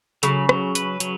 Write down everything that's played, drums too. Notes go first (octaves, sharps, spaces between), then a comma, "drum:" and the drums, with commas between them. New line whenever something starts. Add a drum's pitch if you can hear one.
C#3 F#3, drum: hi-hat
F#3, drum: rim click
B4, drum: hi-hat
F#3, drum: hi-hat